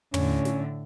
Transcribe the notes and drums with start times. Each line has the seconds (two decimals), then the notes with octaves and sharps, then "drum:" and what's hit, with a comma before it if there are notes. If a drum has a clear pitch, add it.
0.14 A2 D3 C#4, drum: tom
0.45 drum: snare